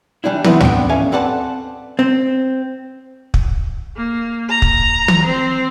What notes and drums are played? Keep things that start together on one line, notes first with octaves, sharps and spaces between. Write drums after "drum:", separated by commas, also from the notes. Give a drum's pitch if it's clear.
E3 G3 D4 E4
A3 B3 C4 E4 B4, drum: tom
B3 C4 D4 G5, drum: tom
B1 C#4 A4 E5 F5 G#5
C4 A4 B4 D5 F#5 A5
C4
drum: kick
A#3
A#5
drum: kick
drum: tom
C4